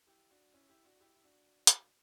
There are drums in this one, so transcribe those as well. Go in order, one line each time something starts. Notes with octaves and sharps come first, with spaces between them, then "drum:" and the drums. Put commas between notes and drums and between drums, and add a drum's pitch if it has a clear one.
E4 G4
D4 F#4
C#4 E4
E4 G4
D4 F#4
E4 G4
E4
D4 F#4
drum: hi-hat